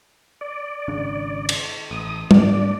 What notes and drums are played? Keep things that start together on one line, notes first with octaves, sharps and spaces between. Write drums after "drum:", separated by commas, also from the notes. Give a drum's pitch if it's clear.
D5
G#1 C#3 D4
drum: cymbal
A1 D#6
G#2 D4 D5, drum: tom